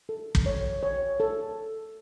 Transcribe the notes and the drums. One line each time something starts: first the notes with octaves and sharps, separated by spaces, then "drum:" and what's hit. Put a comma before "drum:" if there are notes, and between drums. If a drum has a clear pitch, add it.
A4
drum: kick
C#5
C#5
A4